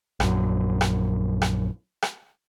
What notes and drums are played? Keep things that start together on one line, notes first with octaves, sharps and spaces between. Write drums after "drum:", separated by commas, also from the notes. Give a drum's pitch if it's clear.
A#1 F#2, drum: rim click
drum: rim click
drum: rim click
drum: rim click